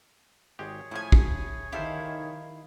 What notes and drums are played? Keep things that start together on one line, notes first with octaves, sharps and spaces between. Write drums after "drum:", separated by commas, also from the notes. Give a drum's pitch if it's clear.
G#1 G#3 G4 G#4 C#5
A2 F3 E4 G#5
drum: kick
D#3 E4 G4 A4 C5 F5